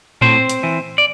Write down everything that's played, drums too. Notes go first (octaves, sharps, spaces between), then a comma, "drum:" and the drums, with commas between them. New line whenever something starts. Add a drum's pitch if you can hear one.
A2 C4 C5, drum: tom A2
drum: hi-hat
E3
D5